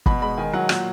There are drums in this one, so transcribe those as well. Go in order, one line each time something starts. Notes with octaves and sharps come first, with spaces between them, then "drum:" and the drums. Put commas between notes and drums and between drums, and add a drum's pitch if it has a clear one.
B2 B5, drum: kick
G#3 B5
D#3 G#5
F#3 F#5
A#2 F#5, drum: rim click